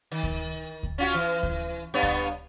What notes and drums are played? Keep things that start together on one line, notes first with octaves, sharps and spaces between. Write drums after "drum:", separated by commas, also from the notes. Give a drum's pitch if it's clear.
D#3
drum: kick D2
drum: kick D2
C#4 F4 F#4
E3
drum: kick D2
G2 B3 C#5
drum: kick D2